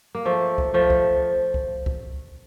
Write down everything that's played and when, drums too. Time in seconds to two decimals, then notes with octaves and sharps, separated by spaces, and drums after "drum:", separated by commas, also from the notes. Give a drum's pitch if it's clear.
0.15 A#3
0.25 F3 A3
0.58 drum: kick C2
0.74 F3 A3
0.90 drum: kick C2
1.54 drum: kick C2
1.86 drum: kick C2